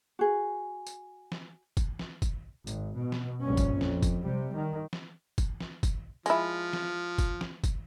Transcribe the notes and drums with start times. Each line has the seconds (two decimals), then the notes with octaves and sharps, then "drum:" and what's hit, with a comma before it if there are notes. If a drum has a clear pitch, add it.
0.19 F#4 G#4
0.87 drum: tambourine
1.32 drum: snare
1.77 drum: kick, tambourine
1.99 drum: snare
2.22 drum: kick, tambourine
2.67 G#1, drum: tambourine
2.98 B2
3.12 drum: snare
3.42 A#1 G2 C#4
3.57 drum: kick, tambourine
3.81 F2, drum: snare
4.02 drum: kick, tambourine
4.26 C3 G3
4.55 D#3
4.93 drum: snare
5.38 drum: kick, tambourine
5.60 drum: snare
5.83 drum: kick, tambourine
6.26 F3 G#3 E4, drum: tambourine
6.73 drum: snare
7.18 drum: kick, tambourine
7.41 drum: snare
7.64 drum: kick, tambourine